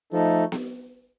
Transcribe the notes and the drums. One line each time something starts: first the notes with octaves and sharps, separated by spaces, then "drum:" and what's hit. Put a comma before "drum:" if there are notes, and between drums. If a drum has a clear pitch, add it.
F3 A3 D#4 A4
drum: snare B3